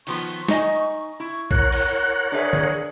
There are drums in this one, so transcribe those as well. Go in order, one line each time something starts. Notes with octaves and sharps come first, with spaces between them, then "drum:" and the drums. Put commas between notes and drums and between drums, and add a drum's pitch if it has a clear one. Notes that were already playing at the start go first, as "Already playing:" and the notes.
D#3 F3 B3 C#6, drum: open hi-hat
D#4 D#5 G#5, drum: snare
E4 C#6
A#4 C#5 F#5 F#6, drum: kick A#1
drum: open hi-hat
D4 G#4 B4 E5
drum: tom D3